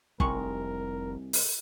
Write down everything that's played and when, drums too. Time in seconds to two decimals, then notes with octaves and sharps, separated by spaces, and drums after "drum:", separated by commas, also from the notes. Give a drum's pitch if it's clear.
0.20 F1 C2 D#3 G#3 A#4 C#6, drum: kick
1.33 drum: open hi-hat